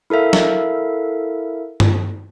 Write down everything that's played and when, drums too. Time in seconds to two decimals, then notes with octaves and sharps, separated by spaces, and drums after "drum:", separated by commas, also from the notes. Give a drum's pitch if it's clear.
0.10 E4 A4 A#4 E5 F5
0.33 drum: snare
1.80 drum: tom G2